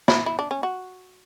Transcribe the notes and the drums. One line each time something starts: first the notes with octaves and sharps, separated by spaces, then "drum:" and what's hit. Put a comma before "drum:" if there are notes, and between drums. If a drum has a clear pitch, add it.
E4, drum: snare
E4
D4
C#4
F#4